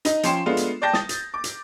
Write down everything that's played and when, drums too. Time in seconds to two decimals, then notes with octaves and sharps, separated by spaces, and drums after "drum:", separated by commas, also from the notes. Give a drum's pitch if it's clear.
0.05 D#4 D#5, drum: hi-hat
0.23 F3 C#4 G5 C6 C7 E7, drum: hi-hat
0.46 G#3 A3 B3 D4 F4
0.57 drum: hi-hat
0.82 D5 G5 A5 G6 A#6
0.93 D#6 A6, drum: snare
1.09 drum: hi-hat
1.34 D6
1.44 drum: hi-hat